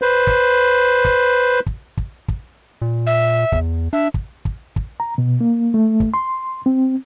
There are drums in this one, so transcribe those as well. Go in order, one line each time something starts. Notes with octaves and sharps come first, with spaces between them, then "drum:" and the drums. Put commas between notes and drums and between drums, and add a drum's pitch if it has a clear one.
B4 C5
drum: kick
drum: kick
drum: kick
drum: kick
drum: kick
A#2
E5
E2, drum: kick
D4 E5
drum: kick
drum: kick
drum: kick
A#5
B2
A#3
A3
drum: kick
C6
C4